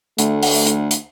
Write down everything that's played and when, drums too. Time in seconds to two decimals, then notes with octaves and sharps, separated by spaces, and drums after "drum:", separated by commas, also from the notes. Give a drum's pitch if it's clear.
0.18 D2 A3, drum: hi-hat
0.43 drum: open hi-hat
0.67 drum: hi-hat
0.91 drum: hi-hat